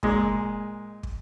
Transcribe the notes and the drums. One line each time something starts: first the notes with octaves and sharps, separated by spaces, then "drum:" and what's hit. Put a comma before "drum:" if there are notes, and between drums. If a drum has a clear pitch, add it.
A#2 G#3, drum: kick
drum: kick